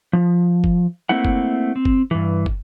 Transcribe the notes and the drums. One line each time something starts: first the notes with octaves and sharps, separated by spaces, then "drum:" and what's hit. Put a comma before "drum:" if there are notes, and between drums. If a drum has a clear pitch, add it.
F3
drum: kick
A3 A#3 C4 E4 F#5
drum: kick
C4
drum: kick
G2 E3
drum: kick